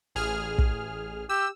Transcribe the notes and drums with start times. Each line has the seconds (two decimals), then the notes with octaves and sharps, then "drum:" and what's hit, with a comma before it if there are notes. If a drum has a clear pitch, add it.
0.15 A1 G#4 F6
0.58 drum: kick
1.29 G4 E6